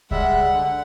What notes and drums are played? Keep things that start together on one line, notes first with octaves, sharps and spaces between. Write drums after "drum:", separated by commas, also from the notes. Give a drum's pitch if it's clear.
G3 G#3 E5 F#5, drum: kick C2
D3